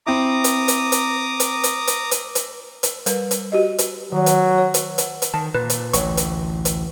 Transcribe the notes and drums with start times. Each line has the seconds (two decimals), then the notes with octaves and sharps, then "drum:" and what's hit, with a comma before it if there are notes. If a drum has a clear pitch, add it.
0.06 C4 E4 A#5 D6 D#6
0.44 drum: hi-hat
0.68 drum: hi-hat
0.92 drum: hi-hat
1.40 drum: hi-hat
1.64 drum: hi-hat
1.87 drum: hi-hat
2.11 drum: hi-hat
2.35 drum: hi-hat
2.83 drum: hi-hat
3.06 G3 A#4 B4, drum: hi-hat
3.31 drum: hi-hat
3.52 F#4 G4 D#5
3.78 drum: hi-hat
4.12 D#3 F#3
4.26 drum: hi-hat
4.58 C#5
4.74 drum: hi-hat
4.98 drum: hi-hat
5.22 drum: hi-hat
5.34 D#3 A5
5.55 A#2 B4
5.70 drum: hi-hat
5.93 A1 D2 C#5 C#6, drum: hi-hat
6.17 drum: hi-hat
6.65 drum: hi-hat